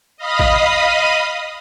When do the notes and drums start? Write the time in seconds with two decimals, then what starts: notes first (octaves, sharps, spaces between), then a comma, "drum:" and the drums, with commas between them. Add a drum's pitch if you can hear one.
0.17 D#5 F5 B5 D#6
0.39 drum: kick A1